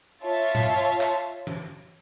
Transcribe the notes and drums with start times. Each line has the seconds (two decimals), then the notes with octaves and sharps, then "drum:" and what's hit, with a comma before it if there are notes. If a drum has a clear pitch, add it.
0.24 F4 C#5 E5 A5
0.55 drum: tom A2
1.01 drum: clap
1.47 drum: tom E3